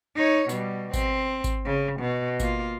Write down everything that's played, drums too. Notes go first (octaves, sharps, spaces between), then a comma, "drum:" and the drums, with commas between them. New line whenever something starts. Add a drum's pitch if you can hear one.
D#4 C#5
B2 G3, drum: tambourine
C4, drum: kick G#1, tambourine
drum: kick G#1, tambourine
C#3
B2
A#3 F4, drum: kick G#1, tambourine